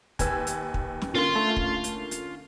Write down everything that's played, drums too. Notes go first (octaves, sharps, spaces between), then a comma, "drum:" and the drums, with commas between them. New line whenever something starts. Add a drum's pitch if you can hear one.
D#2 B4 G#5 E6 G#6, drum: kick, hi-hat
drum: hi-hat
drum: kick
drum: snare
D3 A#3 C#4 F4 C6
A3 A5
drum: kick
drum: hi-hat
drum: hi-hat